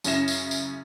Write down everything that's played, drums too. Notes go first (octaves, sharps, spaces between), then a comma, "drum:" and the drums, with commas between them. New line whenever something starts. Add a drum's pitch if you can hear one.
F#2 C#3 C#4 E4 A#6 E7, drum: tambourine
drum: tambourine
drum: tambourine